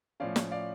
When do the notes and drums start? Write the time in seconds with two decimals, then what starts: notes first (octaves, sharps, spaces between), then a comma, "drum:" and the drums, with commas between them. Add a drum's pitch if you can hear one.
0.20 A2 F3 C#4 D5 F5
0.36 drum: snare
0.51 D5 F5